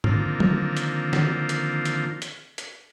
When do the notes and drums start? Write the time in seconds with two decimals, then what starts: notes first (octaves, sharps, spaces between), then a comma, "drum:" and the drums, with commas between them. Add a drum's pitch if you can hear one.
0.04 D3 D#3 F3 A#3 C4 F4, drum: tom
0.40 drum: tom
0.77 drum: hi-hat
1.13 drum: snare
1.49 drum: hi-hat
1.85 drum: hi-hat
2.22 drum: hi-hat
2.58 drum: hi-hat